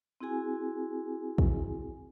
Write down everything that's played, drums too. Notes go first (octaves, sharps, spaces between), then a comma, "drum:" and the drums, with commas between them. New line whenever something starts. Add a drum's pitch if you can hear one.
C4 E4 F#4 G#4 G#5
drum: kick